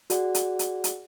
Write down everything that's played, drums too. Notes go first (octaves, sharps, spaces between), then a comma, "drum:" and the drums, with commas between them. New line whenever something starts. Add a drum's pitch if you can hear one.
F#4 G#4 D5 F#5, drum: hi-hat
drum: hi-hat
drum: hi-hat
drum: hi-hat